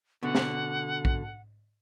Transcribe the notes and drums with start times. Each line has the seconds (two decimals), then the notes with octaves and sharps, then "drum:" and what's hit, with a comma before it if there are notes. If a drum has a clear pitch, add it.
0.23 B2 D3 F#5
0.35 drum: snare
1.05 drum: kick A#1